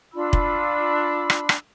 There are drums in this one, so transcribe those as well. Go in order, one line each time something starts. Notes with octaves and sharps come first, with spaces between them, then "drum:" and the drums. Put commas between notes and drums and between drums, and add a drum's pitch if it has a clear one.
D4 F4 B5 E6
drum: kick
drum: rim click
drum: rim click